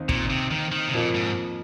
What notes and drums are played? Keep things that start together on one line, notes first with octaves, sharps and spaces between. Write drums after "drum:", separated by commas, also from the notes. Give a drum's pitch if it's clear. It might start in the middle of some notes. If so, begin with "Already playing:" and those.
Already playing: D#2 D#3 C4 D#4
A#2, drum: kick
C3
D#3
D#3
C3
F2 A#2 F3 A#3
G#2